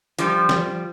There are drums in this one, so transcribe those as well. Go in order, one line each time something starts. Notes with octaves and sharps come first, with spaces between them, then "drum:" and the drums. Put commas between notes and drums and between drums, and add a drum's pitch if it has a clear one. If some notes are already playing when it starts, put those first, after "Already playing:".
F3 G3, drum: hi-hat
drum: snare